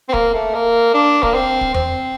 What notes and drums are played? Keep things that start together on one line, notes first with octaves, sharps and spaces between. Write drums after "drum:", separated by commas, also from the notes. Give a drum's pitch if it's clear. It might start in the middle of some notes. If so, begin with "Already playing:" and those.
C4
A#3, drum: kick
A3
A#3
D4
A#3, drum: kick
C4
drum: kick
C4, drum: tom E2